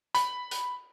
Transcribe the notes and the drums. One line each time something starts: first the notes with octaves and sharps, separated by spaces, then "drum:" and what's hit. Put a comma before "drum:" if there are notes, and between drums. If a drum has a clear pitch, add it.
B5, drum: hi-hat
drum: hi-hat